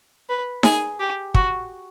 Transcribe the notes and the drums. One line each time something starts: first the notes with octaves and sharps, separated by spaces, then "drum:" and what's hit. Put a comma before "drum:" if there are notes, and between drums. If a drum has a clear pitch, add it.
B4
G#4, drum: snare D#4
G4
F#4, drum: kick